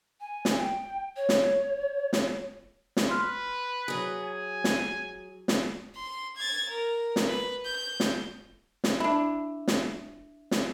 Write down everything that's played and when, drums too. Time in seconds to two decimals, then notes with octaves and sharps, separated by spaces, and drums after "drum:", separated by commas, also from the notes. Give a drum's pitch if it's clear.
0.20 G#5
0.45 drum: snare
0.59 G5
1.16 C#5
1.29 drum: snare
2.13 drum: snare
2.97 drum: snare
3.09 B4 C6 F6
3.88 F#3 G#4
4.23 G#5
4.64 drum: snare
5.48 drum: snare
5.95 C6
6.36 G#6 A6
6.69 A#4
7.16 drum: snare
7.27 B4
7.65 G6
8.00 drum: snare
8.84 drum: snare
9.00 D4 E4
9.68 drum: snare
10.51 drum: snare